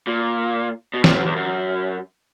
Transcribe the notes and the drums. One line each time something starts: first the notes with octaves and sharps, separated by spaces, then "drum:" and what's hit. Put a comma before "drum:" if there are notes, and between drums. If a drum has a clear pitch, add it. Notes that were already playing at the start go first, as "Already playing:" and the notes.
A#2
B2
A#2, drum: snare
F#2
E2
F#2